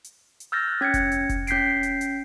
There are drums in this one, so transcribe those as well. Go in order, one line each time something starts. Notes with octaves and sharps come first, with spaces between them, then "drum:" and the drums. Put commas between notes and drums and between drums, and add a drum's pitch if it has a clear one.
drum: hi-hat
drum: hi-hat
E6 F6 G6 A6 A#6
F#6
C#4 G#6 A#6 C#7
drum: kick F1, hi-hat
drum: hi-hat
drum: kick F1, hi-hat
C#4 G6 B6 C7 D7, drum: hi-hat
drum: hi-hat
drum: hi-hat